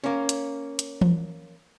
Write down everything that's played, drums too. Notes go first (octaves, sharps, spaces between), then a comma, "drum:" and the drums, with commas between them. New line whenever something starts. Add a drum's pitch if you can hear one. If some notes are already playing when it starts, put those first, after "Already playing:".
A#3 C#4
drum: hi-hat
drum: hi-hat
drum: tom E3